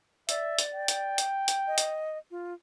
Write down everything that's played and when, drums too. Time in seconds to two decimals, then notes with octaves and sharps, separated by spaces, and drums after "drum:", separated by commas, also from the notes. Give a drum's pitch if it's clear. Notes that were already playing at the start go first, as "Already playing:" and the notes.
0.29 D5 E5, drum: hi-hat
0.59 drum: hi-hat
0.74 G5
0.88 drum: hi-hat
1.18 drum: hi-hat
1.48 drum: hi-hat
1.67 D#5
1.78 drum: hi-hat
2.31 F4